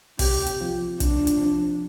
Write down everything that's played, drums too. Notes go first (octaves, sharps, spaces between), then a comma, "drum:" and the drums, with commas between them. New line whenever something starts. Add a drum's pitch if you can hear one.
C3 G4, drum: kick, open hi-hat
drum: hi-hat
F3 C4 F4
C3 D4, drum: kick, hi-hat
drum: hi-hat
F3 C4 F4